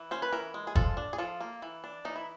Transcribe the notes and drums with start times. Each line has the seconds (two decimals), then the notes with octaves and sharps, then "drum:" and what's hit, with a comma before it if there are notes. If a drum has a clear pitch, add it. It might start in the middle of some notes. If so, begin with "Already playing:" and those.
Already playing: E3
0.11 C#4 C5
0.22 B4
0.32 E3 A#4
0.54 G#3
0.67 G#4
0.75 F3 A4, drum: kick
0.97 D4
1.13 G#4
1.18 F3 A4
1.41 A#3
1.62 E3
1.84 D4
2.05 E3 D#4
2.16 E4